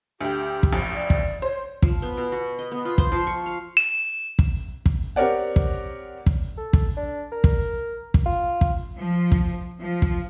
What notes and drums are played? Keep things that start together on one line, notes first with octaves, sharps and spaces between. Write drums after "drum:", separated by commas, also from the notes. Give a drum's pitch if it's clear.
D2 G4 G5
drum: kick
A1 F2
D5
drum: kick
C5 C#5
F3, drum: kick
B3
B2
F#4
D#5
B3
F4
C5, drum: kick
F3
C#6
F5
E7
drum: kick
drum: kick
C4 G4 A#4 C#5 D5 F#5
drum: kick
drum: kick
A4
drum: kick
D4
A#4
drum: kick
drum: kick
F4
drum: kick
F3
drum: kick
F3
drum: kick